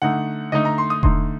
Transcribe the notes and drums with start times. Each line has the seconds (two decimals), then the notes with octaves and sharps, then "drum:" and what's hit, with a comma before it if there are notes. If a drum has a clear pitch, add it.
0.02 D3 A3 D#4 F#5
0.52 D3 A3 D#4 D#5
0.65 A#5
0.78 C6
0.90 D#6
1.03 D3 A3 D#4 C6, drum: kick E1